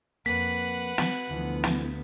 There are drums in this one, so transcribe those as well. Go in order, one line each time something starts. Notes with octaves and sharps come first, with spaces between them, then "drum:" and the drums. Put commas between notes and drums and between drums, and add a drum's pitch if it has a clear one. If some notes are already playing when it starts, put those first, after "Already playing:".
F2 G#2 A#3 B4 F#5 B6
drum: snare
D2 E3 F3 B3
drum: snare